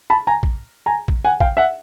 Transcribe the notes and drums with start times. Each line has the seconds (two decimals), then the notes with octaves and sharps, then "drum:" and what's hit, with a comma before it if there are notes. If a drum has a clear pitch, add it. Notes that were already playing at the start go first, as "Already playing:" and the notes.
0.10 A5 B5
0.27 G#5 A#5
0.43 drum: kick A#1
0.86 G#5 A#5
1.08 drum: kick A#1
1.25 F#5 G#5
1.40 F5 G5, drum: kick A#1
1.57 E5 F#5